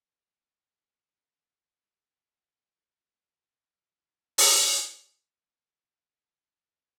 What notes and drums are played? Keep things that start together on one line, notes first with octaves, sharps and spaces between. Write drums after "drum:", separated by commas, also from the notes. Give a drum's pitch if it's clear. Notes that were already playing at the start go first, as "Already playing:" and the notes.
Already playing: A#3
G#4
D#3 B4
F#4
G#4
G#2 F#4
D#4 E4
G#3
B2
B1 D#4
B1 C#4
F#3
G#2
drum: open hi-hat